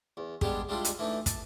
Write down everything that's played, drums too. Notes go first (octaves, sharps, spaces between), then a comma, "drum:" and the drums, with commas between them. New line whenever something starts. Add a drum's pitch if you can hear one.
E2
G3 G#3 B3 D4 G4 G#4, drum: kick
G3 G#3 D4 E4 F4 G4
drum: hi-hat
E3 A3 D4 D#4
A5 D6, drum: kick, hi-hat